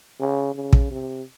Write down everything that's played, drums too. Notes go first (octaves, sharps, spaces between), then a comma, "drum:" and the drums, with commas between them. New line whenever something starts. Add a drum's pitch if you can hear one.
C#3
C#3
drum: kick
C3